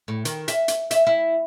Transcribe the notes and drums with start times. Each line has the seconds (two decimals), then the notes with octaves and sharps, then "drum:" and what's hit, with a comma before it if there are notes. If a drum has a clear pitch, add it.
0.08 A2
0.25 D#3, drum: hi-hat
0.48 E5, drum: hi-hat
0.68 drum: hi-hat
0.91 E5, drum: hi-hat
1.07 E4